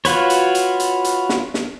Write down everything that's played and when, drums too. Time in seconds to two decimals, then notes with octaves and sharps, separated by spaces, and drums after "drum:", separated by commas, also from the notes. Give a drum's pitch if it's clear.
0.05 F4 F#4 B4 C#5, drum: hi-hat
0.30 drum: hi-hat
0.55 drum: hi-hat
0.80 drum: hi-hat
1.04 drum: hi-hat
1.29 drum: snare
1.54 drum: snare